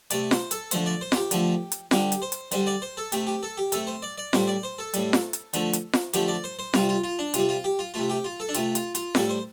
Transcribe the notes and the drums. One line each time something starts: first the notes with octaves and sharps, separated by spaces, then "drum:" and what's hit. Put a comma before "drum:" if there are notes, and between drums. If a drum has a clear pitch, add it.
C3 A3 D5, drum: hi-hat
C5, drum: snare F4
A4, drum: hi-hat
D3 F3 A3 C5, drum: hi-hat
D5
C5
F4, drum: snare F4
G4
D3 F3 A3, drum: hi-hat
drum: hi-hat
D3 G3 G4, drum: snare F4
drum: hi-hat
C5
drum: hi-hat
D3 G3 C5, drum: hi-hat
D5
C5
A4
C3 A3 G4, drum: hi-hat
G4
A4
G4
C3 A3 A4, drum: hi-hat
C5
D5
D5
A2 G3 C5, drum: snare F4
D5
C5
A4
A2 G3, drum: hi-hat
drum: snare F4
drum: hi-hat
D3 F3 A3, drum: hi-hat
drum: hi-hat
drum: snare F4
D3 F3 A3 G4, drum: hi-hat
D5
C5
C5
C3 G3 F4, drum: snare F4
F4
F4
D4
C3 G3 F4, drum: hi-hat
F4
G4
F4
C3 A3 F4
G4
F4
A4
D4
C3 A3 F4, drum: hi-hat
F4, drum: hi-hat
F4, drum: hi-hat
A2 G3 A4, drum: snare F4
C5